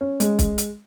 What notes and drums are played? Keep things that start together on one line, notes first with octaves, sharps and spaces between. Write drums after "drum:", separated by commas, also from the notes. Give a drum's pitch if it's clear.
C#4
G#3, drum: hi-hat
drum: kick B1, hi-hat
drum: hi-hat